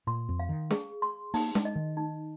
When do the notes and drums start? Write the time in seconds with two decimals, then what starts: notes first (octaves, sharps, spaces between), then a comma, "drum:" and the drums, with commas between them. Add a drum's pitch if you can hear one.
0.07 A#2 C6
0.29 F2
0.39 F5
0.49 D#3
0.70 G#4, drum: snare
1.02 C6
1.34 A#3 D#4, drum: open hi-hat
1.55 G#3, drum: snare
1.65 D#5
1.76 D#3
1.97 D#4